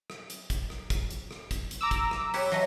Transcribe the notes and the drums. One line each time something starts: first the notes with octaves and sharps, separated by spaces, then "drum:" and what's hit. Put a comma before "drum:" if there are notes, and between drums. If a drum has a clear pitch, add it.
drum: rim click
drum: hi-hat
drum: kick, hi-hat
drum: rim click
drum: kick, hi-hat
drum: hi-hat
drum: rim click
drum: kick, hi-hat
drum: hi-hat
A#5 D6 E6
drum: kick, hi-hat
drum: rim click
G4 B4 C#5, drum: open hi-hat
F#3 A3 D#5